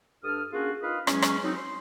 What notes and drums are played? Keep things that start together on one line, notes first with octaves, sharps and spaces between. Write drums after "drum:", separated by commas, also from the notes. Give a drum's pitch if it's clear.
G2 D4 A4 D#6 F6
A#3 C#4 D4 F4 F#4 G#4
D#4 F4 A#4 B4 F5 D#6
E2 F#3 G#3 C#4, drum: rim click
drum: rim click
F#3 C4 D#4
C6